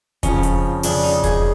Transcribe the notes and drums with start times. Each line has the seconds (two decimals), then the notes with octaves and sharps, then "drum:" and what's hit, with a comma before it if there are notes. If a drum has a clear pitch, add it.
0.23 F2 C#3 F3 C#4, drum: kick E1, hi-hat
0.43 drum: hi-hat
0.83 F2 C#3 F3 D4, drum: open hi-hat
1.03 D#4
1.24 G#4, drum: kick E1, hi-hat